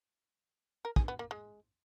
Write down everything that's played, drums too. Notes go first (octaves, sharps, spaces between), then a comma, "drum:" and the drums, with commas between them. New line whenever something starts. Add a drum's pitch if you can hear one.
A#4
G#4, drum: kick
B3
A#3
G#3